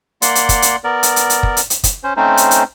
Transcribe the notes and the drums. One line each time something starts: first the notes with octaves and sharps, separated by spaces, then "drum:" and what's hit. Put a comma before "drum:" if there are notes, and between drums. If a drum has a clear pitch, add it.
A#3 D5 F#5 C6, drum: hi-hat
drum: hi-hat
drum: kick, hi-hat
drum: hi-hat
B3 A#4 D5
drum: hi-hat
drum: hi-hat
drum: hi-hat
drum: kick
drum: hi-hat
drum: hi-hat
drum: kick, hi-hat
C#4 C5
A3 C4 C#4 D#4 C5
drum: hi-hat
drum: hi-hat